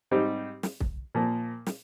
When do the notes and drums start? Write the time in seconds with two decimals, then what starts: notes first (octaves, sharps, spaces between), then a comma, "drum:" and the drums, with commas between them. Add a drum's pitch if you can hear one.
0.11 G#2 G3 C4 D#4 G4
0.63 drum: snare
0.80 drum: kick
1.15 A#2 F3 A#3
1.67 drum: snare